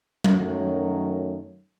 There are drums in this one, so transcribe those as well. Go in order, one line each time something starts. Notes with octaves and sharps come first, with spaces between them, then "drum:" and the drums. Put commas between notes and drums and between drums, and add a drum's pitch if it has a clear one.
F#2 D#3 F#3 A3 C#4, drum: tom F#3